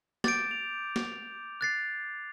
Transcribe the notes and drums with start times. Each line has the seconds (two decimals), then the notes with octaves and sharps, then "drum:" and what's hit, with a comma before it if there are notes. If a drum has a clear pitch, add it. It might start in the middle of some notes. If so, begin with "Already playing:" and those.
0.24 D6 G6 A6 D7, drum: snare
0.51 F7
0.96 drum: snare
1.61 F#6 A6 C7